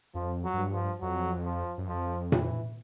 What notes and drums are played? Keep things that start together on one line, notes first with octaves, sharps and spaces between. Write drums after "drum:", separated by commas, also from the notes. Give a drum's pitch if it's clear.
F2 F3
F#3
F#2
G2
F3
F2 F#3
F3
F#2
F2 F3
E3, drum: tom A#2